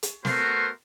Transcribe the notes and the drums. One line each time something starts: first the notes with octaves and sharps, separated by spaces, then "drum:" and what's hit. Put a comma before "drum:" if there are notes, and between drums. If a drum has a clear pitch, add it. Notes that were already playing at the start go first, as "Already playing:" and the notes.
drum: hi-hat
A3 B3 F#4 A#4 C5 C6, drum: snare